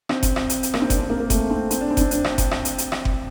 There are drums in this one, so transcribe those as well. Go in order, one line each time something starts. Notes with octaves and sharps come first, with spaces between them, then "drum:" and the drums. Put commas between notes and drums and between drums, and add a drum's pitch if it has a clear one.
C4, drum: rim click
drum: kick F#1, hi-hat
drum: rim click
drum: hi-hat
drum: hi-hat
A#3, drum: rim click
C4
D4, drum: kick F#1, hi-hat
C4
A#3
A#3
A3, drum: kick F#1, hi-hat
C4
C4, drum: hi-hat
D4
C4
D4, drum: kick F#1, hi-hat
C4
D4, drum: hi-hat
drum: rim click
drum: kick F#1, hi-hat
drum: rim click
drum: hi-hat
drum: hi-hat
drum: rim click
drum: kick F#1